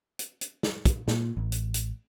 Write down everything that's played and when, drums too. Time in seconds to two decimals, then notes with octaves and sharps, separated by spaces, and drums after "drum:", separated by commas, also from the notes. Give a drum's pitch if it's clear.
0.19 drum: hi-hat
0.41 drum: hi-hat
0.63 drum: snare
0.85 drum: kick, hi-hat
1.08 A#2, drum: snare
1.37 A1
1.52 drum: hi-hat
1.74 drum: hi-hat